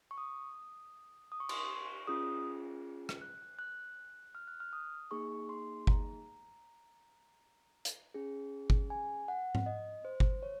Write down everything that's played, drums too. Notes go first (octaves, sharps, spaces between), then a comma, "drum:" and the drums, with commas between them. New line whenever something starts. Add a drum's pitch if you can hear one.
C#6
D#6
D#6
C#6
C6, drum: cymbal
C#6
C#4 F4 G#4 D#6
drum: rim click
F#6
F#6
F6
F#6
F6
D#6
A#3 D#4 G#4 C#6
C6
A#5, drum: kick G1
drum: hi-hat
C#4 G#4
drum: kick G1
G#5
F#5
drum: tom G#2
D#5
C5
drum: kick G1
C#5